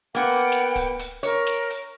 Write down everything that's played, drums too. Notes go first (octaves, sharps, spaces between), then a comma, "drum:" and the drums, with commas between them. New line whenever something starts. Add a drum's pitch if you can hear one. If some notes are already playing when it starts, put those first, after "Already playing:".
A#3 B3 F#5 G5
drum: open hi-hat
drum: snare
drum: kick D1, hi-hat
drum: hi-hat
A#4 C#5, drum: hi-hat
drum: snare
drum: hi-hat